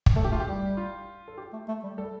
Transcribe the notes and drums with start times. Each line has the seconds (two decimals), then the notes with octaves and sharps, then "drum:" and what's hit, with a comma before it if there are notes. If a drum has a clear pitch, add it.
0.06 drum: kick
0.16 A3 A4
0.24 G4
0.31 A3 F4
0.40 G4
0.46 G3
0.77 F4
1.28 A4
1.37 G4
1.53 A3
1.68 A3
1.83 G3
1.98 G3 A4